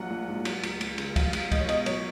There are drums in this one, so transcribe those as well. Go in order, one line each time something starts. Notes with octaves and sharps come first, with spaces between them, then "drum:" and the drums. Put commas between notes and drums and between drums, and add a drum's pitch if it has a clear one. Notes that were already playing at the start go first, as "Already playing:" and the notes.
Already playing: A#1 F#3 F#5
A#1
G#2
F#3, drum: cymbal
C#2, drum: cymbal
C#2, drum: cymbal
C#3, drum: cymbal
F#3 F5, drum: kick, cymbal
C#2, drum: cymbal
C#2 D#5, drum: kick, cymbal
C#5
B2 D#5, drum: cymbal
F#3 C#5, drum: cymbal